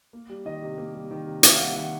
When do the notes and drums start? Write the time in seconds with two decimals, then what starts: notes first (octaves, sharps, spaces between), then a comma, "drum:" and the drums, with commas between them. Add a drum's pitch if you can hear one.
0.13 A#3
0.29 G3
0.45 D#3 D#5
0.62 C3
0.78 A#3
0.94 G3
1.11 D#3
1.27 C3
1.43 A#3 E5, drum: hi-hat
1.56 F5
1.60 G3 F#5
1.76 D#3 F#5